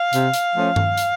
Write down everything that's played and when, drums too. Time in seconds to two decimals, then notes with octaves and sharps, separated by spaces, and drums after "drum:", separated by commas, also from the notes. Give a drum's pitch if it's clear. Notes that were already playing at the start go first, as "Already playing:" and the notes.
Already playing: F5
0.13 C3, drum: hi-hat
0.34 drum: hi-hat
0.55 F3 A3 C#4
0.76 drum: tom G2
0.98 drum: hi-hat